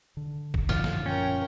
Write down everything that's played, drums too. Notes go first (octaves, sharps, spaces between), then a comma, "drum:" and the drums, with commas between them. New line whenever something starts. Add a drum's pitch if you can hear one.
D3
drum: kick
F#2 A#2 F3 F4, drum: snare
drum: snare
C#4 A#4 G5